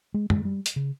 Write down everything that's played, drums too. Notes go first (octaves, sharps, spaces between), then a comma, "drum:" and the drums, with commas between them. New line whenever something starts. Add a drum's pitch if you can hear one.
G#3
G#3, drum: tom
G3
drum: hi-hat
C#3